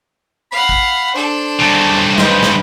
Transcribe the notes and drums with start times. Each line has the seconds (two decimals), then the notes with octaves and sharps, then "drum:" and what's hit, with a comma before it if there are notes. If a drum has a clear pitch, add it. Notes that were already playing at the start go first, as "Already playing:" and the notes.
0.52 F5 F#5 B5
0.69 drum: kick
1.14 D4 A4 C5
1.60 G2 C#3 A5
2.18 B4 C5 D#5, drum: snare
2.43 drum: snare